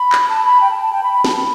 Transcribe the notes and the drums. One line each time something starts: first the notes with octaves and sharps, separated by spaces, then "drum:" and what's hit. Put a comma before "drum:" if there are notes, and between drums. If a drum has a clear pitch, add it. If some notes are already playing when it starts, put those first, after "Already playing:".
Already playing: B5
drum: clap
A5
B5
G5
A5
A5
G5
B5
B5
A5, drum: snare
B5